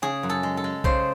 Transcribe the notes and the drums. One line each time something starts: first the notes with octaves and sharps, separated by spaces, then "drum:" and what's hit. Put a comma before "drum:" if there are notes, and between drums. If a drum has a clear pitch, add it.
C#3 G#4
F#2
A4
G#3
A4
G#3
C#3 C5, drum: kick B1